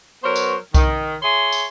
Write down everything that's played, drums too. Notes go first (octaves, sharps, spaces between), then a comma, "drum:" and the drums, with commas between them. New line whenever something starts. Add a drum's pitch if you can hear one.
F#3 B3 A#4 C5 C#5
drum: tambourine
D#3, drum: kick B1, tambourine
G#4 C#5 E5 C6
drum: tambourine